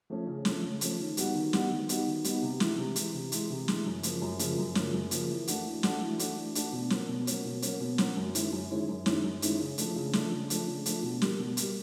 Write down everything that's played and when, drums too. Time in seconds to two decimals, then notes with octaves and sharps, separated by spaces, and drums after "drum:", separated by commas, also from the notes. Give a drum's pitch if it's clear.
0.10 F3 A3 C#4
0.27 C#3
0.45 F3 A3 C#4, drum: snare
0.63 C#3
0.81 F3 A3 C#4, drum: hi-hat
0.99 D#3
1.17 G3 B3 D#4 F#4, drum: hi-hat
1.34 D#3
1.53 G3 B3 D#4 F#4, drum: snare
1.71 D#3
1.89 G3 B3 D#4 F#4, drum: hi-hat
2.06 D#3
2.24 G3 B3 D#4 F#4, drum: hi-hat
2.42 C3
2.60 E3 G#3, drum: snare
2.78 C3
2.96 E3 G#3, drum: hi-hat
3.14 C3
3.32 E3 G#3, drum: hi-hat
3.50 C3
3.68 E3 G#3, drum: snare
3.86 F#2
4.03 C#3 F3 A#3, drum: hi-hat
4.22 F#2
4.39 C#3 F3 A#3, drum: hi-hat
4.58 F#2
4.75 C#3 F3 A#3, drum: snare
4.94 F#2
5.11 C#3 F3 A#3, drum: hi-hat
5.30 E3
5.47 A3 D4 F#4, drum: hi-hat
5.65 E3
5.83 A3 D4 F#4, drum: snare
6.01 E3
6.19 A3 D4 F#4, drum: hi-hat
6.37 E3
6.55 A3 D4 F#4, drum: hi-hat
6.73 B2
6.90 F#3 A#3 C#4, drum: snare
7.09 B2
7.27 F#3 A#3 C#4, drum: hi-hat
7.45 B2
7.62 F#3 A#3 C#4, drum: hi-hat
7.80 B2
7.98 F#3 A#3 C#4, drum: snare
8.17 F#2
8.35 D#3 G#3 C#4 E4, drum: hi-hat
8.53 F#2
8.71 D#3 G#3 C#4 E4
8.89 F#2
9.06 D#3 G#3 C#4 E4, drum: snare
9.24 F#2
9.42 D#3 G#3 C#4 E4, drum: hi-hat
9.60 C#3
9.78 F3 A3 D4, drum: hi-hat
9.96 C#3
10.13 F3 A3 D4, drum: snare
10.31 C#3
10.50 F3 A3 D4, drum: hi-hat
10.67 C#3
10.86 F3 A3 D4, drum: hi-hat
11.03 B2
11.22 G3 A#3, drum: snare
11.39 B2
11.57 G3 A#3, drum: hi-hat